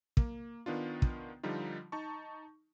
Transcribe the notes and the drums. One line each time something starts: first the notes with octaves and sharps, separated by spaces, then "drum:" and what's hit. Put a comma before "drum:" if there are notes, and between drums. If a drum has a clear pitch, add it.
A#3, drum: kick
D#3 B3 D4 F4
drum: kick
D3 F3 G3 D#4 F4
D#4 A5 C#6